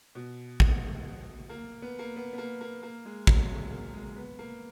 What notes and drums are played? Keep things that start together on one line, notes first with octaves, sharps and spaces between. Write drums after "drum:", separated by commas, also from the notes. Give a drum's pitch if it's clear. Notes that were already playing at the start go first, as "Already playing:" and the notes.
B2
drum: kick
A#3
B3
A#3
B3
B3
A#3
A#3
A#3
G#3
F#3, drum: kick
G#3
A#3
G#3
B3
A#3